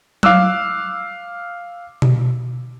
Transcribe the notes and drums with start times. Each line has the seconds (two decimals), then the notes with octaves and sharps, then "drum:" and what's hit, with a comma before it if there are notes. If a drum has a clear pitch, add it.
0.23 F5 D6 E6 F#6, drum: tom F#3
2.02 drum: tom B2